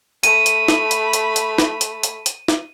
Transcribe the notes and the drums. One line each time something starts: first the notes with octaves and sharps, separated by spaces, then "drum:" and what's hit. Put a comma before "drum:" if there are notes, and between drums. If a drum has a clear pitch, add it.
A3 B5 D#7, drum: hi-hat
drum: hi-hat
drum: snare
drum: hi-hat
drum: hi-hat
drum: hi-hat
drum: snare
drum: hi-hat
drum: hi-hat
drum: hi-hat
drum: snare